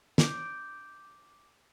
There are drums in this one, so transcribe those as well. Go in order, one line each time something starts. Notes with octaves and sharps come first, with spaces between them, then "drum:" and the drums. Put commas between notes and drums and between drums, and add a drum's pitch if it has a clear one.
D6 G6 D7, drum: snare